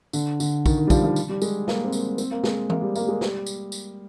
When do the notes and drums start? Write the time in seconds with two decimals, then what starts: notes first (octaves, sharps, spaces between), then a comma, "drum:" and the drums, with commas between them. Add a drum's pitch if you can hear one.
0.13 D3, drum: tambourine
0.40 D3, drum: tambourine
0.66 D#3, drum: kick, tambourine
0.78 D#3
0.87 G3
0.90 F3, drum: kick, tambourine
1.03 F3
1.16 drum: tambourine
1.29 G3
1.42 G#3, drum: tambourine
1.68 A#3, drum: snare
1.84 C4
1.92 A#3, drum: tambourine
2.18 C4, drum: tambourine
2.31 A#3
2.44 G#3, drum: snare
2.70 A#3, drum: tom E3
2.82 G3
2.96 A#3, drum: tambourine
3.01 G3
3.08 G#3
3.21 G3, drum: snare
3.46 drum: tambourine
3.72 drum: tambourine